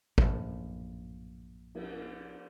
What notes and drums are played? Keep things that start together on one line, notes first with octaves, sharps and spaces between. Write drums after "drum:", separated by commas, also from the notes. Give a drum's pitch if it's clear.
A#1 F#2 A2, drum: kick
drum: cymbal